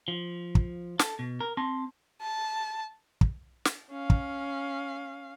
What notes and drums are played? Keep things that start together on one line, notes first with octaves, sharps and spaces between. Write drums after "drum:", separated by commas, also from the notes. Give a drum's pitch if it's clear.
F3
drum: kick
A4, drum: snare
B2
A#4
C4 A5 C6
A5
drum: kick
drum: snare
C#4 F5
drum: kick